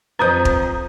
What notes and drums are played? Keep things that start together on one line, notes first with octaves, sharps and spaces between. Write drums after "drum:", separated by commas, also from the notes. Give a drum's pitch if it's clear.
F2 B4 C5 A#5 D#6 G6
drum: kick